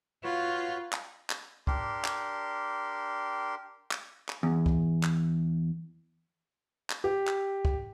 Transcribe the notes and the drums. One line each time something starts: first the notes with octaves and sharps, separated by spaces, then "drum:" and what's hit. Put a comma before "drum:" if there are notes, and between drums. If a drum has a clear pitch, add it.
F4 F#4 B4 C#5
drum: clap
drum: clap
D4 G4 A#4 C6, drum: kick
drum: clap
drum: clap
drum: clap
E2
drum: kick
drum: clap
drum: clap
G4
drum: clap
drum: kick